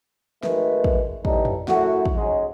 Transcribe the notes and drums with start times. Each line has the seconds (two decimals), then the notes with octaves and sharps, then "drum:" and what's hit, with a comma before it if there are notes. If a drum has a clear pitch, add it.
0.43 G#1 D#3 G#3 A3 B4, drum: snare
0.84 drum: kick
1.25 E3 G3 C#4 D#4 A4, drum: kick
1.45 drum: tom
1.68 F#2 A3 E4 F#4, drum: snare
2.05 drum: kick
2.16 G#2 C#3 F#3 G#3